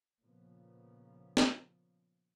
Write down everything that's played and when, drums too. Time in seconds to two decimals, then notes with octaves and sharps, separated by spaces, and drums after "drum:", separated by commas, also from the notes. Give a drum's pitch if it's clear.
0.23 A#2 C#3 F3 B3
1.37 drum: snare